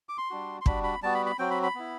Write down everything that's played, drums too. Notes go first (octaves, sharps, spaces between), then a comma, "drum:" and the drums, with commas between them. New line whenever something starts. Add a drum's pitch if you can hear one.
D6
C6
G3 D4 F#4
C6
G3 D4 F#4 B5, drum: kick
B5
G3 B3 F#4 A5
B5
B5
F#3 C4 F#4 G5
B5
B5
B3 E4